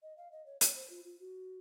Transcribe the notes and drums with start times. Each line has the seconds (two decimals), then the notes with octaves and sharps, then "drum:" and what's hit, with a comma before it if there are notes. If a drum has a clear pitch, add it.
0.02 D#5
0.17 F5
0.32 D#5
0.46 C#5
0.61 C#5, drum: hi-hat
0.76 C5
0.90 F4
1.05 F4
1.20 F#4